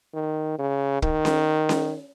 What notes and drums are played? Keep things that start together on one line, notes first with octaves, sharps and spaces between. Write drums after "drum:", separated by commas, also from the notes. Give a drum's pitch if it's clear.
D#3
C#3
D#3, drum: kick
drum: snare C#4
drum: snare C#4